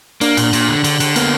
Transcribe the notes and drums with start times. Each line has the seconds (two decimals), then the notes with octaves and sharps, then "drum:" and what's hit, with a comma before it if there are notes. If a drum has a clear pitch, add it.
0.21 A#3 D4, drum: cymbal
0.37 A#2, drum: cymbal
0.53 A#2, drum: cymbal
0.69 D3
0.84 D3, drum: cymbal
1.00 D3, drum: cymbal
1.16 A#3 B3, drum: cymbal